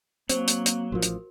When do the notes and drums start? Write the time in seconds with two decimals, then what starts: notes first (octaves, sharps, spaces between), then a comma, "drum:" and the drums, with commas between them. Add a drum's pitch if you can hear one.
0.29 F#3 A#3 C4 C5, drum: hi-hat
0.48 drum: hi-hat
0.66 drum: hi-hat
0.92 A1 F3 F#4 A#4
1.03 drum: hi-hat